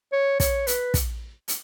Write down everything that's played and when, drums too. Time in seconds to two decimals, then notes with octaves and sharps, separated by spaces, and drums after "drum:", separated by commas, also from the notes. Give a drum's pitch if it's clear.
0.13 C#5
0.40 C#5, drum: kick, hi-hat
0.67 B4, drum: hi-hat
0.94 drum: kick, hi-hat
1.48 drum: hi-hat